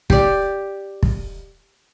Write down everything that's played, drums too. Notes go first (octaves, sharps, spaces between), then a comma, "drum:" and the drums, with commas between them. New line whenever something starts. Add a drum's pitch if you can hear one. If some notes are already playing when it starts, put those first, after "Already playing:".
G4 D5, drum: kick
drum: kick